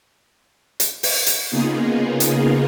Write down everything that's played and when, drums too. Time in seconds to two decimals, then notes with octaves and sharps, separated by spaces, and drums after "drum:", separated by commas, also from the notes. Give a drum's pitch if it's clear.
0.80 drum: hi-hat
1.03 drum: open hi-hat
1.27 drum: hi-hat
1.50 C#3 A#3 B3 D#4 F4 G#4
2.20 drum: hi-hat